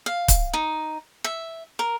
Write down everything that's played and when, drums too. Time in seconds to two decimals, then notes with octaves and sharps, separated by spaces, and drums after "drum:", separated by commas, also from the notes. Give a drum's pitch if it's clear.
0.06 F5
0.28 drum: kick C#1, hi-hat
0.53 D#4
1.24 E5
1.79 A#4